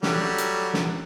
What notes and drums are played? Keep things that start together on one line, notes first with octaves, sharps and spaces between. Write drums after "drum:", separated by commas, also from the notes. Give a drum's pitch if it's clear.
F#3 G3 A3, drum: snare
drum: hi-hat
drum: snare